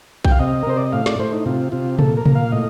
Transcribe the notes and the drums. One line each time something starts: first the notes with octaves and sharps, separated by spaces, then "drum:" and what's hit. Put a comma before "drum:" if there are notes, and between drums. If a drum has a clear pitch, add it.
G5, drum: kick B1
F5
C3 D#5
A#4
C3 C5
D5
D#5
A2 F5
D5, drum: snare
A2 C5
D#4
C3 F4
C3 F4
A#2 A4, drum: tom C3
A#4
A#2, drum: tom C3
F5
A2 D#5